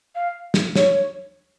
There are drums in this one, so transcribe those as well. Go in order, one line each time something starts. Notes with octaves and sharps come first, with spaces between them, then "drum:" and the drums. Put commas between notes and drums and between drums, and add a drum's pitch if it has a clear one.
F5
drum: snare
C#5, drum: snare